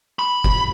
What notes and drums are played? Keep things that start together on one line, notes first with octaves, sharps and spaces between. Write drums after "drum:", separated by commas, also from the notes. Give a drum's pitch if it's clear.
B5
drum: kick F#1